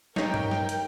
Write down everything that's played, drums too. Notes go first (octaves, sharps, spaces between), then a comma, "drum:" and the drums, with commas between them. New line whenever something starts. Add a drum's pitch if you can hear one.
D#4 A#4 C#5 G5, drum: snare
drum: tom G2
drum: snare
drum: hi-hat